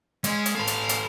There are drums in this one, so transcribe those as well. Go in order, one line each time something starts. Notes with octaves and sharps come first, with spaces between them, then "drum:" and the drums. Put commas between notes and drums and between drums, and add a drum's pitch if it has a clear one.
G#3 C#4, drum: hi-hat
drum: hi-hat
A4 B4 F5
drum: hi-hat
drum: hi-hat